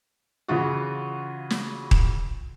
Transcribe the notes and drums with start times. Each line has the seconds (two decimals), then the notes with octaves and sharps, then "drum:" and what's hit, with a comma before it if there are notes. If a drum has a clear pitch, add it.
0.48 C#3 E3 F4 F#4
1.50 drum: snare
1.91 drum: kick D#1